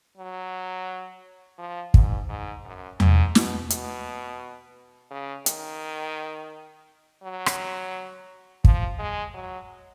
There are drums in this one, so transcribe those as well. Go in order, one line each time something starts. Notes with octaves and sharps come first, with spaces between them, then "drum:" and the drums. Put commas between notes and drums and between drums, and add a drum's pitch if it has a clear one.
F#3
F3
G#2, drum: kick
G#2
F#2
G#2, drum: tom E2
B2, drum: snare
B2, drum: hi-hat
C#3
D#3, drum: hi-hat
F#3
drum: rim click
F3, drum: kick
G#3
F#3